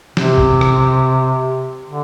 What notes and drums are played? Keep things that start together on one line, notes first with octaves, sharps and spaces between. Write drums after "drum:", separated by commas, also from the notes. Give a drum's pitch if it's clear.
C3, drum: snare
drum: kick
drum: rim click
D3